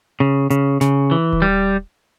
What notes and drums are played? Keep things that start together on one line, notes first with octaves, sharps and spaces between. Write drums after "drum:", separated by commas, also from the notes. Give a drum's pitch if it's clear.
C#3
C#3, drum: hi-hat
C#3, drum: snare
E3
drum: kick D#1
G3